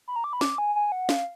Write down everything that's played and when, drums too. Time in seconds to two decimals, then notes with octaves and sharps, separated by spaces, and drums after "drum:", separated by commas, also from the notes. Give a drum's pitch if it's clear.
0.08 B5
0.16 A#5
0.24 D6
0.33 B5
0.41 D6, drum: snare
0.58 G#5
0.76 G#5
0.92 F#5
1.09 F5, drum: snare